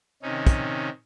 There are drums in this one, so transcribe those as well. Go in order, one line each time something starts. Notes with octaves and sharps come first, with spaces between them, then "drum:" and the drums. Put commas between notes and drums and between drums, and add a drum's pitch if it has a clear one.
C3 D#3 C#4 D#4
drum: kick, hi-hat